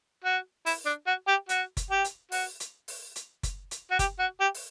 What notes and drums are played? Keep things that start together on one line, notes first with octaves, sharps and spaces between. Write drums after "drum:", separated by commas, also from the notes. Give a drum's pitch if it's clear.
F#4
E4, drum: open hi-hat
D4
F#4
G4
F#4, drum: hi-hat
drum: kick F#1, hi-hat
G4
drum: hi-hat
F#4, drum: open hi-hat
drum: hi-hat
drum: open hi-hat
drum: hi-hat
drum: kick F#1, hi-hat
drum: hi-hat
F#4
G4, drum: kick F#1, hi-hat
F#4
G4
drum: open hi-hat